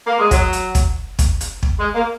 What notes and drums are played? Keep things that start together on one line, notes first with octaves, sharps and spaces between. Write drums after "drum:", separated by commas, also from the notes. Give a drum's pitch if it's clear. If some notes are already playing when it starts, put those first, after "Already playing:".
A#3
G#3
F#3, drum: kick, hi-hat
drum: hi-hat
drum: kick, hi-hat
drum: kick, hi-hat
drum: hi-hat
drum: kick
G#3
A#3